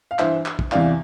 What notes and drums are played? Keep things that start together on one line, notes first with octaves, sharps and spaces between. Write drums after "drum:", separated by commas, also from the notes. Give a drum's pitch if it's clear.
F5
G2 E3 C5 E5, drum: clap
drum: clap
drum: kick
E2 C3 E3 D5 F5, drum: clap